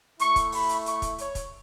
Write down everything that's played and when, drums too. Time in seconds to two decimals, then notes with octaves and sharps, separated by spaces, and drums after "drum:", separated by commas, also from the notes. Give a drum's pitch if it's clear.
0.19 A3 E4 C#6, drum: hi-hat
0.36 drum: kick, hi-hat
0.52 B5, drum: open hi-hat
0.69 drum: hi-hat
0.86 C#6, drum: hi-hat
1.02 drum: kick, hi-hat
1.18 C#5, drum: hi-hat
1.35 drum: kick, hi-hat